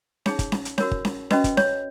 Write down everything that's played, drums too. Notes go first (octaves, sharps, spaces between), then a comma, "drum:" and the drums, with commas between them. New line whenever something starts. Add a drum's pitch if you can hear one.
D#4 G#4 C#5, drum: snare C#4
drum: kick, hi-hat
drum: snare C#4
drum: hi-hat
F#4 A#4 C#5, drum: snare C#4
drum: kick
drum: snare C#4
C#4 F#4 B4 D#5, drum: snare C#4
drum: kick, hi-hat
C#5, drum: snare C#4